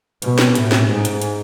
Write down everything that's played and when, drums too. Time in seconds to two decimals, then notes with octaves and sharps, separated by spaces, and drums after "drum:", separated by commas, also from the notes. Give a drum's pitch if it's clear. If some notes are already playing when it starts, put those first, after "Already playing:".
0.22 B2, drum: hi-hat
0.38 drum: snare
0.55 A2, drum: hi-hat
0.72 drum: snare
0.88 G#2
1.05 drum: hi-hat
1.22 drum: hi-hat